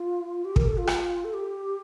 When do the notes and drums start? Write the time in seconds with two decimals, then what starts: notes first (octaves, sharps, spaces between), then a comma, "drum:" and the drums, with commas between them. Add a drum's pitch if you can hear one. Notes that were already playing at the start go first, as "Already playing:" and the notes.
Already playing: F4
0.45 G4
0.56 A#4, drum: kick
0.67 A4
0.77 F4
0.87 drum: rim click
1.25 A4
1.34 G4